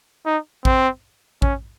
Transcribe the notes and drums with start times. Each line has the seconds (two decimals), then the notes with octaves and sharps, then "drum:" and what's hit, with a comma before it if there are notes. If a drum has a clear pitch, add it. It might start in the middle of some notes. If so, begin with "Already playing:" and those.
0.26 D#4
0.65 C4, drum: kick A1
1.42 C#4, drum: kick A1